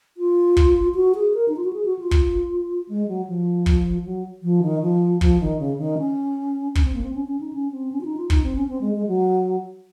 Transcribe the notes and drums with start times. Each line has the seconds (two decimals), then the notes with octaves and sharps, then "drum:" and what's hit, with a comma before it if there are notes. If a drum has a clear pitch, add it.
0.17 F4
0.57 drum: kick
0.95 F#4
1.15 G#4
1.34 A#4
1.48 D#4
1.56 F4
1.64 F#4
1.73 G#4
1.85 F#4
1.99 F4
2.11 drum: kick
2.89 G#3
3.08 F#3
3.27 F3
3.66 drum: kick
4.05 F#3
4.43 F3
4.62 D#3
4.82 F3
5.21 F3, drum: kick
5.40 D#3
5.59 C#3
5.78 D#3
5.98 C#4
6.75 C#4, drum: kick
6.84 C4
6.94 A#3
7.03 C4
7.15 C#4
7.27 C#4
7.41 D#4
7.53 C#4
7.72 C4
7.92 C#4
8.01 F4
8.05 D#4
8.17 F4
8.30 D#4, drum: kick
8.43 C4
8.56 C#4
8.69 C4
8.81 G#3
8.95 G#3
9.07 F#3